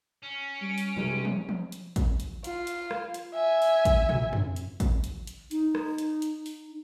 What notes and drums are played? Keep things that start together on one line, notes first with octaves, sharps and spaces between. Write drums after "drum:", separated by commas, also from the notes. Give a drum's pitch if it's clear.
C#4
G3 D7
drum: open hi-hat
B1 C3 G3 G#3
drum: tom
drum: tom E3
drum: hi-hat
drum: kick, hi-hat
drum: hi-hat
F4, drum: hi-hat
drum: hi-hat
drum: rim click
drum: hi-hat
E5 G#5
drum: open hi-hat
drum: kick, hi-hat
drum: tom
drum: tom
drum: hi-hat
drum: kick, hi-hat
drum: hi-hat
drum: hi-hat
D#4, drum: hi-hat
drum: rim click
drum: hi-hat
drum: hi-hat
drum: open hi-hat